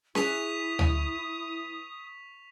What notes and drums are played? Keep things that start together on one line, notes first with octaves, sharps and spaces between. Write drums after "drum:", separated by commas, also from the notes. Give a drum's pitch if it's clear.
E3 E4 G#4 C#6 D#6 B6 F7, drum: snare C#4
drum: tom